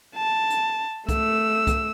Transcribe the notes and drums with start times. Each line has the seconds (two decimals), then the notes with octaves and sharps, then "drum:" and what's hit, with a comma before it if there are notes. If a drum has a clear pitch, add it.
0.16 A5
0.50 drum: hi-hat
1.09 A3 E6, drum: kick C2, hi-hat
1.67 drum: kick C2, hi-hat